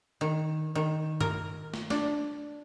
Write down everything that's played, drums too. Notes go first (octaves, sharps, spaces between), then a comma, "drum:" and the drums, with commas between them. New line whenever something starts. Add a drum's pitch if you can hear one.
D#3
D#3
A#4, drum: tom G2
drum: snare
D4, drum: snare